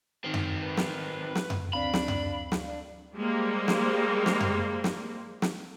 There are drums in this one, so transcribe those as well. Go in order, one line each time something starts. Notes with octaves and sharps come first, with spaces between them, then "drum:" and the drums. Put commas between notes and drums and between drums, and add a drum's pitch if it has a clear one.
D#3 C4
drum: tom F#2
B4
drum: snare
drum: snare
drum: tom F#2
D2 C4 D4 F5 B5
drum: snare
drum: tom F#2
drum: snare
D4
G3 G#3 A#3 C5
drum: snare
drum: snare
drum: tom F#2
drum: snare
drum: snare